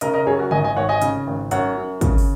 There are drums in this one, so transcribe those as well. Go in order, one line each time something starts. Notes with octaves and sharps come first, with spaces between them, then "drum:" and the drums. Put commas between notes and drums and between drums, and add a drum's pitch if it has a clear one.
C#3 A#4 D#5, drum: hi-hat
A#4 D#5
F#2 G#4 C#5
F#4 A#4
G#1 D#5 G#5, drum: tom C#3
D#5 G#5
G#1 C#5 F#5
D#5 G#5
C#3, drum: hi-hat
G#1
F#2 C#5 F#5, drum: hi-hat
F#2
C#3, drum: kick, hi-hat
drum: open hi-hat